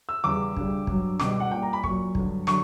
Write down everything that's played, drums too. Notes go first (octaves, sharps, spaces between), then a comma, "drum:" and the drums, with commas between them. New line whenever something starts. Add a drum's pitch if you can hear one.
E6
E2 C#3 G3 D6
D2 C#3 G3, drum: kick
G2 F#3, drum: kick
C#2 B2 G3 D6, drum: snare
F#5
A#2 G3 G5
A#5
B5
A#2 F#3 C#6, drum: kick
G2 D3 F#3, drum: kick
D3 F#3 C#6, drum: snare